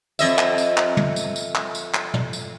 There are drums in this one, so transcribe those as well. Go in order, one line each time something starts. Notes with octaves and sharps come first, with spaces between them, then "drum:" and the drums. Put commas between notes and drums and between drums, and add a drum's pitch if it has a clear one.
F2 D#5 E5, drum: tambourine
drum: clap
drum: tambourine
drum: clap
drum: tom
drum: tambourine
drum: tambourine
drum: clap
drum: tambourine
drum: clap
drum: tom
drum: tambourine